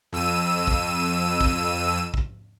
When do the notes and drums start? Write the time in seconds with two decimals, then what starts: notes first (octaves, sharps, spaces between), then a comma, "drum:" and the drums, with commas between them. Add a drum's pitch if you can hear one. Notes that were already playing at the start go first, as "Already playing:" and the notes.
0.13 F2 E6 D#7
0.67 drum: kick
1.41 drum: kick
2.14 drum: kick